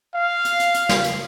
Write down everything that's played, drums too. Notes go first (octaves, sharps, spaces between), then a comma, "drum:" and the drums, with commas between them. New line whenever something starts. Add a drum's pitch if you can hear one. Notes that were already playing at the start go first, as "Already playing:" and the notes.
F5
drum: hi-hat
drum: hi-hat
drum: hi-hat
drum: snare
drum: hi-hat